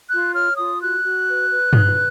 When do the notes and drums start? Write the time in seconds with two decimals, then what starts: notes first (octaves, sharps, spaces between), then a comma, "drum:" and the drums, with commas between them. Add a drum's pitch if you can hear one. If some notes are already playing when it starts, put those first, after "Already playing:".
0.11 F4 F#6
0.34 C#5 F6
0.57 F4 D#6
0.81 F#4 F#6
1.04 F#4
1.27 B4
1.50 B4
1.73 B4, drum: tom G2